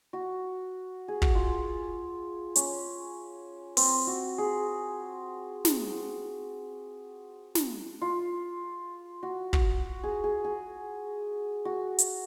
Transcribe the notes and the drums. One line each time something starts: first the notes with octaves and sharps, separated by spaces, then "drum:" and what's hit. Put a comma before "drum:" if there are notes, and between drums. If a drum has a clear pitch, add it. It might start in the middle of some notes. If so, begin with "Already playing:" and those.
F#4
G#4
F#4, drum: kick
F4
C#4, drum: hi-hat
C4, drum: open hi-hat
F#4
G#4
drum: snare
drum: snare
F4
F#4
F#4, drum: kick
G#4
G#4
G#4
F#4
drum: hi-hat